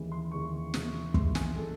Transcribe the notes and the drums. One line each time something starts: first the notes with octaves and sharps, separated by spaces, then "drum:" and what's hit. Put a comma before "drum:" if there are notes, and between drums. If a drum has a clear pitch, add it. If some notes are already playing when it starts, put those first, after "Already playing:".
Already playing: D#2 C#3 E3 G#3
C6
D#2 C#3 E3 G#3 C#6
D#2 C#3 E3 G#3, drum: snare
D#2 C#3 E3 G#3 C6, drum: kick
G#5, drum: snare
C#3 E3 G#3 A4